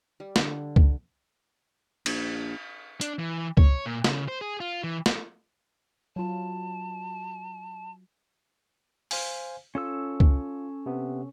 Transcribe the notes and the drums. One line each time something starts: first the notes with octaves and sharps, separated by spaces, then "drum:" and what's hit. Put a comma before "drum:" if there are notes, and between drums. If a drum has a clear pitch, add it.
G3
D3, drum: snare
drum: kick C#2
A#1, drum: cymbal
D4, drum: hi-hat
E3
C#5, drum: kick C#2
A#2
C#3, drum: snare
C5
G#4
F4
E3
drum: snare
F#3 F4 A5
C5 F5 G#5, drum: open hi-hat
C#4 F4 A4 E6
drum: kick C#2
C3 B3